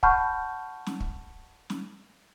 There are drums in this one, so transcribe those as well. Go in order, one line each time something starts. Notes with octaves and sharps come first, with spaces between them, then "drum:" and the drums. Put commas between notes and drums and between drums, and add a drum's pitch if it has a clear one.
F#5 A5 B5 C#6 F6 G6, drum: kick
drum: snare
drum: kick
drum: snare